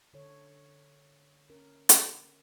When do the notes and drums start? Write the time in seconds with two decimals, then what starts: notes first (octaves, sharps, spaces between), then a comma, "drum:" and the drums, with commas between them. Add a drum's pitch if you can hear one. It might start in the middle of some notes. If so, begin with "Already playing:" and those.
0.13 D3 A4 C#5
1.49 C#4 A#4
1.89 drum: hi-hat